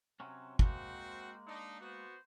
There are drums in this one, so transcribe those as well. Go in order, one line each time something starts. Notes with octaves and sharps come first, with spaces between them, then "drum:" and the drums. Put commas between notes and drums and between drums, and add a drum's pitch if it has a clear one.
C3 F#3 C#4
G#3 A#3 C4 F#4 C5, drum: kick
D4 D#4
B3 F#4 C5